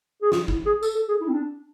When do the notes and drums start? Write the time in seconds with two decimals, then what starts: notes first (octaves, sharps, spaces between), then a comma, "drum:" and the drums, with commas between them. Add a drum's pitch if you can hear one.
0.22 G#4
0.32 F4, drum: snare
0.48 E4, drum: kick
0.66 G#4
0.83 A4, drum: tambourine
0.96 A4
1.09 G#4
1.21 E4
1.28 C4
1.34 D4